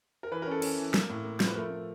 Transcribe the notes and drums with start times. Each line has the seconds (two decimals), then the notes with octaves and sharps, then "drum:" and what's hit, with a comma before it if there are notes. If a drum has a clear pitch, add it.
0.23 A#4
0.31 E3 B4
0.42 A#4
0.47 C#4 A4
0.62 C#4, drum: cymbal
0.78 E3
0.94 A#3 A#4, drum: snare
1.09 A2
1.25 A#3
1.40 F3, drum: snare
1.47 B4
1.55 A3 A#4
1.70 A3